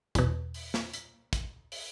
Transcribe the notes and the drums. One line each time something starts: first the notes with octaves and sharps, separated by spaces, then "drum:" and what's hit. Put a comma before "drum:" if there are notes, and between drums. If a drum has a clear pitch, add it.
E2 B2, drum: kick, hi-hat
drum: open hi-hat
drum: snare
drum: hi-hat
drum: kick, hi-hat
drum: open hi-hat